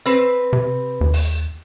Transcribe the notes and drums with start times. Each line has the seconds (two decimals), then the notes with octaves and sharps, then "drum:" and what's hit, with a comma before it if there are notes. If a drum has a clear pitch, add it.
0.06 C4 B4
0.53 C3
1.01 D#2
1.13 drum: open hi-hat